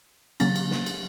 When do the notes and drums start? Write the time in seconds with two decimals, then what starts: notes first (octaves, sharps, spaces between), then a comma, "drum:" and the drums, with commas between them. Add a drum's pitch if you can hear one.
0.40 C#3 F#3 A#3 C#4 A6, drum: cymbal
0.56 drum: cymbal
0.71 drum: snare
0.86 drum: cymbal